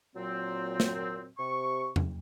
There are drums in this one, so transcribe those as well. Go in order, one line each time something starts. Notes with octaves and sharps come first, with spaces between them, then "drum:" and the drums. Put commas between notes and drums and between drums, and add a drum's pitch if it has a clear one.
A#2 F#3 C4
drum: snare
C3 C#6
drum: tom E2